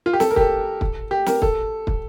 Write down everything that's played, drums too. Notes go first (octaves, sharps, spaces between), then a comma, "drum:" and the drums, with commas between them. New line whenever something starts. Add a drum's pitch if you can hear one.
F4
G4
A4, drum: snare
A#4
G4, drum: kick
A4
drum: kick
G4
A#4, drum: snare
A4, drum: kick
drum: kick